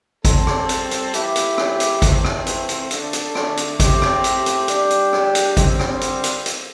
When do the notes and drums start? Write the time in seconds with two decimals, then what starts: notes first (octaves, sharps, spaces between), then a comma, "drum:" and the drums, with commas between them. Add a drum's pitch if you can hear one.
0.25 G3 C4 A4, drum: kick G#1, hi-hat
0.47 drum: rim click
0.69 drum: hi-hat
0.91 drum: hi-hat
1.14 E3 A3 E4 G4, drum: hi-hat
1.36 drum: hi-hat
1.58 drum: rim click
1.80 drum: hi-hat
2.02 C3 E3 A3 C4, drum: kick G#1, hi-hat
2.24 drum: rim click
2.46 drum: hi-hat
2.69 drum: hi-hat
2.91 D3 A3 D4, drum: hi-hat
3.13 drum: hi-hat
3.35 drum: rim click
3.57 drum: hi-hat
3.80 A2 A3 C4 G4, drum: kick G#1, hi-hat
4.02 drum: rim click
4.24 drum: hi-hat
4.46 drum: hi-hat
4.68 G3 D4 G4, drum: hi-hat
4.90 drum: hi-hat
5.13 drum: rim click
5.35 drum: hi-hat
5.57 D3 G3 C4, drum: kick G#1, hi-hat
5.79 drum: rim click
6.01 drum: hi-hat
6.24 drum: hi-hat
6.46 drum: hi-hat